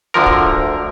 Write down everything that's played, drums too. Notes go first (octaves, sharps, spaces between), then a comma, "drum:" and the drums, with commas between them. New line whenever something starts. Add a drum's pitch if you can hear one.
D2 D3 F3 A#4
drum: kick